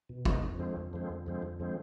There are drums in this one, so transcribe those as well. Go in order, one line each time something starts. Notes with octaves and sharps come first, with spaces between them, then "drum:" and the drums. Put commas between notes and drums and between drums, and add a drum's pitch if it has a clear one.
B2
G#3 B3 D#4, drum: kick
F2
D3 F3 G#3 C4
F2
D3 F3 G#3 C4
F2
D3 F3 G#3 C4
F2
D3 F3 G#3 C4